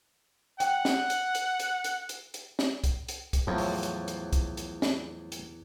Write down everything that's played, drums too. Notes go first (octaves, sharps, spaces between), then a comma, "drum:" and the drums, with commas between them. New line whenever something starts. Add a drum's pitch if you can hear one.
F#5 G5, drum: hi-hat
drum: snare
drum: hi-hat
drum: hi-hat
drum: hi-hat
drum: hi-hat
drum: hi-hat
drum: hi-hat
drum: snare
drum: kick, hi-hat
drum: hi-hat
drum: kick, hi-hat
E2 A2 F3 F#3
drum: open hi-hat
drum: hi-hat
drum: hi-hat
drum: kick, hi-hat
drum: hi-hat
drum: snare
drum: hi-hat